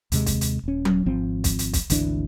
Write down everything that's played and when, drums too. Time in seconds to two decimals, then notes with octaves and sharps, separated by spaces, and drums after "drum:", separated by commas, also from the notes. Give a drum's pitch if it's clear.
0.12 D#2 C3 G#3, drum: hi-hat
0.26 drum: kick, hi-hat
0.41 drum: hi-hat
0.63 D#1 C#4
0.85 drum: tom F#3
1.06 G#1 F3 C4
1.44 drum: kick, hi-hat
1.59 drum: hi-hat
1.73 drum: kick, hi-hat
1.90 G#1 D2 E3 D4, drum: hi-hat